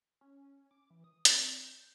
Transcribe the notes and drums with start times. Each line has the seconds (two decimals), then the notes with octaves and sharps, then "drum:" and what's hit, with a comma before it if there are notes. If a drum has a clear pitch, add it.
0.21 C#4
0.71 D6
0.90 E3
1.04 D#6
1.25 C4, drum: hi-hat
1.65 G6